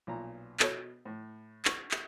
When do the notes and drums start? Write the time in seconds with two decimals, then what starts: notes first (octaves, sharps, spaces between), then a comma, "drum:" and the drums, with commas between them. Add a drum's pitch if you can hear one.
0.07 B1 A#2 A#5
0.60 B2 B3 A4 C#5, drum: clap
1.05 A2
1.65 C#6, drum: clap
1.91 drum: clap